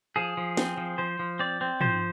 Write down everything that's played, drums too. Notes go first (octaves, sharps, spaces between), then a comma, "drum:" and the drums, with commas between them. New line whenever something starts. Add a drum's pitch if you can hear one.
F3 G#4
F3
C4, drum: snare
F3
F3 C5
F3
C4 D5
C4
F3 C5, drum: tom